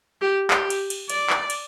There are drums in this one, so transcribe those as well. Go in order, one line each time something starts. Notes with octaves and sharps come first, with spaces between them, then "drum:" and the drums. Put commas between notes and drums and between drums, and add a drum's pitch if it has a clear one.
G4
G4, drum: clap
drum: cymbal
drum: cymbal
D5, drum: cymbal
drum: clap
drum: cymbal